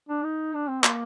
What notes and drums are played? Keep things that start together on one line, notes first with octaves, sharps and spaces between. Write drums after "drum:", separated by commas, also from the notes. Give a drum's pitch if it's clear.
D4
D#4
D4
C4
A#3, drum: clap